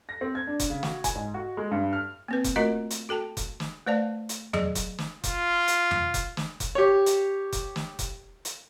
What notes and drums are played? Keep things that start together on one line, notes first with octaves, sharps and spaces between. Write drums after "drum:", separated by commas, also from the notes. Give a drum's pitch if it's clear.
A#6
C4
G#6
D4
drum: kick F1, hi-hat
C#3
F#4, drum: snare
G#5, drum: kick F1, hi-hat
G#2
F#4
G#3
G2
F6
A#3 C4 B4
drum: kick F1, hi-hat
A3 F4 F#4 A#4 D#5 A#5
drum: hi-hat
F#4 A4 G5 A5
drum: kick F1, hi-hat
drum: snare
A3 B4 C5 D5 F5 A5
drum: hi-hat
F#3 G#4 D5, drum: tom E2
drum: kick F1, hi-hat
drum: snare
F4, drum: kick F1, hi-hat
drum: hi-hat
drum: tom E2
drum: kick F1, hi-hat
drum: snare
drum: kick F1, hi-hat
G4 C#5
drum: hi-hat
drum: kick F1, hi-hat
drum: snare
drum: kick F1, hi-hat
drum: hi-hat